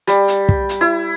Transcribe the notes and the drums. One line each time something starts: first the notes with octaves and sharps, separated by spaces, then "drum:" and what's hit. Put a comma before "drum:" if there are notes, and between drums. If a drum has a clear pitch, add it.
G3, drum: hi-hat
drum: hi-hat
drum: kick
drum: hi-hat
E4